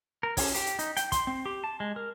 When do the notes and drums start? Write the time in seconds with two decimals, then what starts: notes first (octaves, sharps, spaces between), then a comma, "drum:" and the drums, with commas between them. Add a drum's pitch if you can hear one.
0.23 A#4
0.37 C#4, drum: kick, open hi-hat
0.55 G4, drum: hi-hat
0.66 drum: hi-hat
0.79 D#4, drum: hi-hat
0.97 G5, drum: hi-hat
1.12 C6, drum: kick, hi-hat
1.27 C4
1.46 G4
1.64 A5
1.80 G#3
1.96 A#4